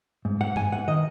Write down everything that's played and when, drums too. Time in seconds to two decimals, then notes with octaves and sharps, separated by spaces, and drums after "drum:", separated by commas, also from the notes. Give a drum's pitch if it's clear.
0.25 G#2
0.40 G#2 F#5
0.56 G#2 G#5, drum: tom G2
0.72 G#2 F#5
0.88 D#3 D#5